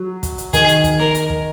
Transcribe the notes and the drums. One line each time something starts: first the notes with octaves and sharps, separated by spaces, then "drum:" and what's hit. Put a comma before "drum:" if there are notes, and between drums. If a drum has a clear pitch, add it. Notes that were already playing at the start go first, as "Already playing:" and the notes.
Already playing: F#3
drum: kick, hi-hat
drum: hi-hat
D#3 G#4, drum: kick, hi-hat
drum: hi-hat
drum: kick, hi-hat
A#4, drum: snare
drum: hi-hat
drum: kick